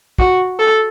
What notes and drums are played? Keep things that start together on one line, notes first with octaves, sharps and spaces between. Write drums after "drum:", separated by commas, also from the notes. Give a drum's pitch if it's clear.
F#4, drum: kick
A4